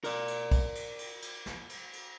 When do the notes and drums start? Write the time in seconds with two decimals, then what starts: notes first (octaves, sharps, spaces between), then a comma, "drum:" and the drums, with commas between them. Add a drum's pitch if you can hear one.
0.04 A#4 D5, drum: cymbal
0.28 drum: cymbal
0.51 drum: kick, cymbal
0.75 drum: cymbal
0.99 drum: cymbal
1.22 drum: cymbal
1.46 drum: snare
1.70 drum: cymbal
1.93 drum: cymbal